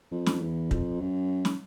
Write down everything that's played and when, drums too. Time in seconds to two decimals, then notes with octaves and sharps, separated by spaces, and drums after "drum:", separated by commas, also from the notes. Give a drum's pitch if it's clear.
0.11 F2
0.26 drum: snare
0.42 E2
0.71 F2, drum: kick
1.01 F#2
1.45 drum: snare